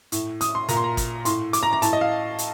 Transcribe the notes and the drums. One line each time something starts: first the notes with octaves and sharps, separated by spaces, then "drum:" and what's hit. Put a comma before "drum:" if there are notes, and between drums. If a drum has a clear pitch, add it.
A2, drum: hi-hat
D#6, drum: hi-hat
C6
A#2 A#5, drum: hi-hat
C6
A#5
drum: kick, hi-hat
A2 C6, drum: hi-hat
D6, drum: hi-hat
A#5
A#5
A2 A5, drum: hi-hat
D#5
F5
drum: hi-hat